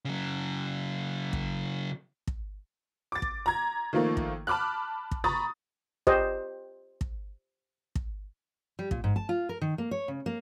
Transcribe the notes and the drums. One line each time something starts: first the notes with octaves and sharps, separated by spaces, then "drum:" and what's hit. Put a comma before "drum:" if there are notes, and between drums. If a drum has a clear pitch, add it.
C#3 F#3
drum: kick
drum: kick
D6 A6
drum: kick
A#5 G#6
D#3 F3 A3 A#3
drum: kick
A5 B5 D6 F6 F#6
drum: kick
A#5 B5 C#6 D#6 A6
G4 C5 D#5, drum: kick
drum: kick
drum: kick
G3
A#2, drum: kick
G#2
A5
F4
A#4
D#3
A#3
C#5
C#3
A#3